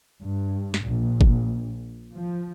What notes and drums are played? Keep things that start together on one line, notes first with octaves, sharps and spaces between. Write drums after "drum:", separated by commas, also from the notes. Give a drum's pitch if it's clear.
G2
drum: snare
A#1
drum: kick G1
F3